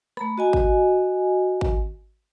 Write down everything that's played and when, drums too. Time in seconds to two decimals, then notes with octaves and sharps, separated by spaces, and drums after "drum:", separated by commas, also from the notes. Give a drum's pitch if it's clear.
0.17 A3 A#5 B5, drum: rim click
0.38 F#4 D#5 G#5
0.53 drum: kick G#1
1.61 drum: kick G#1